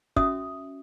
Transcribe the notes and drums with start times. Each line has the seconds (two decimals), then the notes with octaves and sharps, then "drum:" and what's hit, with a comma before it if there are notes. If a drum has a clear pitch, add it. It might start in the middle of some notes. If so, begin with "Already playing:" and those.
0.16 C#4 F#4 E5 D#6, drum: kick